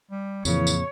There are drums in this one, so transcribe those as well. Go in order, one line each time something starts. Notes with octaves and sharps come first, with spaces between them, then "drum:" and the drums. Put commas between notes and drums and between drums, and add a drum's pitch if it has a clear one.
G3
F2 A#2 C#3 E3 C#5, drum: tambourine
drum: tambourine